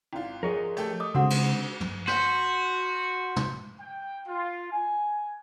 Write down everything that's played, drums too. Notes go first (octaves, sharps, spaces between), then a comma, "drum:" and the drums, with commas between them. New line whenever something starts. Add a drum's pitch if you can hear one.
G#1 E4 F4 G5
F3 G#4 A#4 C#5 D#5
A3 G4 A4, drum: hi-hat
D#5 D6 D#6
C#3 G#3 C4 D4 F#4 F#5 D#6 E6
drum: cymbal
drum: tom
F#4 C6 G6 B6, drum: snare
drum: tom
G5
F4
G#5